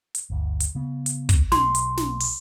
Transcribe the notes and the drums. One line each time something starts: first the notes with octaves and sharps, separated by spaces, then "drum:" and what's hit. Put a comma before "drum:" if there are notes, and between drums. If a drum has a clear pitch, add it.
drum: hi-hat
G1 D2
drum: hi-hat
C#3 B3
drum: hi-hat
drum: kick, hi-hat
B1 F#3 C6, drum: snare
drum: hi-hat
drum: snare
drum: open hi-hat